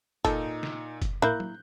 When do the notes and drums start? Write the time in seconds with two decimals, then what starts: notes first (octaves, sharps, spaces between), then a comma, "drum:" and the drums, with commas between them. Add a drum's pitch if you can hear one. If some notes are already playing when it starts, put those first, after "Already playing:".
0.25 A#2 D#4 A4, drum: kick F1, hi-hat
0.63 drum: snare
1.02 drum: kick F1, hi-hat
1.22 A#3 E4 F#6 G6, drum: tom
1.40 drum: tom